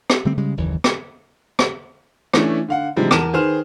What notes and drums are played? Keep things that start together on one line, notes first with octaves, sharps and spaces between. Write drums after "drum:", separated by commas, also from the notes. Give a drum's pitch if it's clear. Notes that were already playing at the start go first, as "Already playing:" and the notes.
drum: rim click
D3 G3 A3 C4
C#3 G3 G#3
F#1 D#2 E3
drum: rim click
drum: rim click
E3 A3 C#4 D4 E4, drum: rim click
D3 F5 F#5
C3 E3 F3 G3 G#3 D4
E2 A#4 A5 F6 D#7 E7, drum: rim click
D#3 G#4 B4 C5 F6 E7